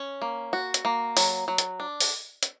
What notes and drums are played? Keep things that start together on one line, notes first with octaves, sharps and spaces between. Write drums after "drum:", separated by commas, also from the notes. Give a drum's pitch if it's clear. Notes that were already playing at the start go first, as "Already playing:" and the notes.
Already playing: C#4
A#3
F#4
drum: hi-hat
A#3
F#3, drum: open hi-hat
F#3
drum: hi-hat
D4
drum: open hi-hat
drum: hi-hat